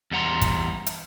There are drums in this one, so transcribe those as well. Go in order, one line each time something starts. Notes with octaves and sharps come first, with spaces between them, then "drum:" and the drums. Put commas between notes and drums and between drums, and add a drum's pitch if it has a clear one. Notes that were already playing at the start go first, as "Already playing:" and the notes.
E2 G3 F#5 A#5 C6
drum: kick, hi-hat
drum: hi-hat